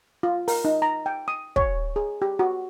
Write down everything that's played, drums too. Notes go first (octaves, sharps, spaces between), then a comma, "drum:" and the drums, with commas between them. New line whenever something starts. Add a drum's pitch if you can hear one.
F4
A#4, drum: open hi-hat
D#4
A#5
G5
D#6
C#5, drum: kick
G#4
G4
F#4